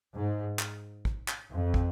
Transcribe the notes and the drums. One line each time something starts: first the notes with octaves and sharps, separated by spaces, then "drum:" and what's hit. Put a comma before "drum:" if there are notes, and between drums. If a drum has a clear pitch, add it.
G#2
drum: clap
drum: kick
drum: clap
F2
drum: kick